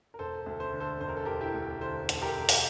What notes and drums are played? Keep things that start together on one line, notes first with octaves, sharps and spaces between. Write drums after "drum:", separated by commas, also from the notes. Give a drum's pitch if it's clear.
A#4
E1 A4 C5
D2
A4 C5
D3
A4 C5
E1 C5
A#4
A4
E1 G4 A#4
E4 G4
D2
D3 A4 C5
E1 A4, drum: hi-hat
G4 A#4
E1
drum: open hi-hat